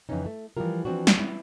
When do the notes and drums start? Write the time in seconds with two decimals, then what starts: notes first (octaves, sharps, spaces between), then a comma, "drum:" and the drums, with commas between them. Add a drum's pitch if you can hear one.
0.09 F2 C#3 E3 C#4 D#4
0.26 A3
0.57 E3 F3 G3 G#3 F4 A#4
0.85 E3 F3 C4 D4 F#4
1.07 drum: snare
1.19 E4